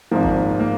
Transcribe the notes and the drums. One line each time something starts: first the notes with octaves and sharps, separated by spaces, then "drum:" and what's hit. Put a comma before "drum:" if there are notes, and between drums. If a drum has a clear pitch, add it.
G#1 G#2 F3 A#3
drum: kick G#1
A#3